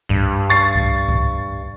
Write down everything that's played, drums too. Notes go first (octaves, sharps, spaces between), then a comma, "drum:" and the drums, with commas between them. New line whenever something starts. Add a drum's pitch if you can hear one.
G2, drum: kick C2
C#6 A6 C7
drum: kick C2
drum: kick C2